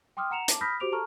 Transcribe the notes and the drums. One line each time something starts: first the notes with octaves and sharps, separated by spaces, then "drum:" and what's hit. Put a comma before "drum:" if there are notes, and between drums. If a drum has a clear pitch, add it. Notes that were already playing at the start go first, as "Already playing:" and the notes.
G5 C6 D6 D#6 F6
F#5 A#5 C#7 E7 F7
A5 D6, drum: hi-hat
B5 D#6 F6 G6 A#6 B6
F#4 G4 C5 D6 D7 F7
G#4 A4 A5 A#5 C#6 F6